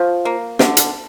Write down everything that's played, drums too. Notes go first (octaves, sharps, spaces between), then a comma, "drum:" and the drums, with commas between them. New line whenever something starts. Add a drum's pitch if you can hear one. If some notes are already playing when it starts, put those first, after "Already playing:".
Already playing: F3
A#3
D3, drum: snare
drum: hi-hat